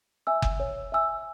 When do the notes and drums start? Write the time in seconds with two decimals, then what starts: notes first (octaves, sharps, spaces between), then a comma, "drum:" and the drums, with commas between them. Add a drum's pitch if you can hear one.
0.27 E5 G#5 E6
0.42 drum: kick F#1
0.60 C#5
0.92 E5 G#5 E6